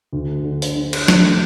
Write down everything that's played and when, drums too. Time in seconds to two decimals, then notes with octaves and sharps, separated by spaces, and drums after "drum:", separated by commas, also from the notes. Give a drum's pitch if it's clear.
0.13 D2
0.44 D3
0.62 drum: open hi-hat
0.76 D3
0.93 drum: cymbal
1.08 A3, drum: snare